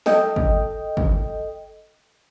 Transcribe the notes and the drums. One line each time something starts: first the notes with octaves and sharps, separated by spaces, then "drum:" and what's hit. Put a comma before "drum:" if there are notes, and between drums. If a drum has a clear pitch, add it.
A4 D#5 G5, drum: snare
drum: kick
drum: kick